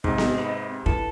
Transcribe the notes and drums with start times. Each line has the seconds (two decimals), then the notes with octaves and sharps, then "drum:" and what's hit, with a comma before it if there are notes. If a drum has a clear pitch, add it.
0.04 G#2 C3 D#5, drum: kick
0.18 drum: snare B3
0.34 C4 B4
0.86 E4 A4 B4, drum: kick